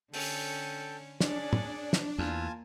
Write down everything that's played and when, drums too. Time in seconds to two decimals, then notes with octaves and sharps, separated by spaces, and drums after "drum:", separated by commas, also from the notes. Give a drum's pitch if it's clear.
0.14 D3 C#4 A4 G5, drum: open hi-hat
1.20 C#4 D4 G#4 D5, drum: snare
1.53 drum: tom
1.93 drum: snare
2.18 E2 A#3 F4 G#5 A5